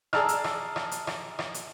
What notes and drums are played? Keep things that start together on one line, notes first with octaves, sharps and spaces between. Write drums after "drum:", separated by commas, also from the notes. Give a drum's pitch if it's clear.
G#4 D5 A5 A#5 E6 F6, drum: rim click
drum: hi-hat
drum: rim click
drum: rim click
drum: hi-hat
drum: rim click
drum: rim click
drum: hi-hat